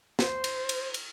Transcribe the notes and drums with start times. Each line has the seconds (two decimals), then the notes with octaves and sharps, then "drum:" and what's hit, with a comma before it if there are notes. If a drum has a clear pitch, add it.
0.19 C5, drum: snare
0.44 drum: cymbal
0.69 drum: cymbal
0.94 drum: cymbal